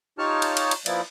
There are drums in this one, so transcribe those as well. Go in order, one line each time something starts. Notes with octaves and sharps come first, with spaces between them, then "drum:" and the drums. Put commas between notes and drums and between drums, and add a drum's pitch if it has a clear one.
D#4 F4 G4 C#5 A5 F6
drum: cymbal
drum: cymbal
drum: cymbal
F3 A#3 B3 E4 D5, drum: cymbal